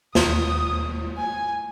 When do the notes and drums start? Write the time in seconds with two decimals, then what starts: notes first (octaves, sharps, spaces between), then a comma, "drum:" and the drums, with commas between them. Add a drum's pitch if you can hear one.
0.15 E1 D#2 D#6, drum: snare
1.18 G#5